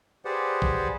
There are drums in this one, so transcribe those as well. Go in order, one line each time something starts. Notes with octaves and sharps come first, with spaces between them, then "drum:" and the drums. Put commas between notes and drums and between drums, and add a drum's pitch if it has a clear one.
G4 G#4 B4 C5 D5 F#5
drum: kick